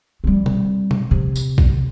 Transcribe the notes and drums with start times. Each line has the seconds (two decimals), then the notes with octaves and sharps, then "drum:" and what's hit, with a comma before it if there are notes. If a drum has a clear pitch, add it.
0.24 G3 C4
0.46 drum: tom B2
0.91 drum: tom B2
1.11 C3
1.36 drum: tambourine
1.58 drum: kick